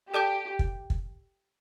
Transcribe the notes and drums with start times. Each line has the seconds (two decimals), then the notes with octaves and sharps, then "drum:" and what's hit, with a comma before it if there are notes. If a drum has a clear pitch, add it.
0.13 G4 A4 D5 A5 D6 G6
0.59 drum: kick
0.90 drum: kick